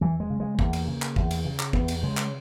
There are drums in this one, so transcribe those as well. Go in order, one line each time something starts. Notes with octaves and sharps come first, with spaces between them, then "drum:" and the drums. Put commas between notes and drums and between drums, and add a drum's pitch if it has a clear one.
E2 E3
G#3
C#3
G#3
E2 A#3, drum: kick
drum: cymbal
C#3
drum: clap
E2, drum: kick
drum: cymbal
C#3
drum: clap
E2 B3, drum: kick
drum: cymbal
C#3 G#3
drum: clap